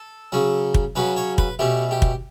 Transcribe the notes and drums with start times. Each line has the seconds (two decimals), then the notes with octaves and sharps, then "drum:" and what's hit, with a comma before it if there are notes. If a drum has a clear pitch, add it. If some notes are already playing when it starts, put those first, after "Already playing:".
Already playing: A4
0.32 C#3 F#3 C#4
0.74 drum: kick
0.96 C#3 F#3 C#4 B4
1.16 C#5
1.38 B4, drum: kick
1.59 B2 A3 C#4 G4
1.91 G4
2.02 drum: kick